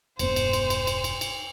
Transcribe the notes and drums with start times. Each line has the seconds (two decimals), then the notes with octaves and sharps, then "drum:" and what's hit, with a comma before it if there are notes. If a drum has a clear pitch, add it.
0.19 E1 G2 B3 C5, drum: cymbal
0.36 drum: cymbal
0.53 drum: cymbal
0.70 drum: cymbal
0.87 drum: cymbal
1.04 drum: cymbal
1.21 drum: cymbal